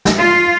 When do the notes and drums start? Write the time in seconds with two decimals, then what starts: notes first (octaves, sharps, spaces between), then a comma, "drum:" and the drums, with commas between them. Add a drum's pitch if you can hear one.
0.05 drum: snare
0.17 F4